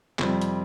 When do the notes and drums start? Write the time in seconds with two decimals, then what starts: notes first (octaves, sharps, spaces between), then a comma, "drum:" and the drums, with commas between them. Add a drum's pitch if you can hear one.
0.19 F2 C3 G3 C4, drum: clap
0.41 drum: hi-hat